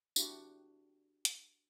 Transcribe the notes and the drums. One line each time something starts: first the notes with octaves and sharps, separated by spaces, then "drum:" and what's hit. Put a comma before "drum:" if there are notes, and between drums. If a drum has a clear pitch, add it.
D4 E4 F#4 G4, drum: tambourine
drum: hi-hat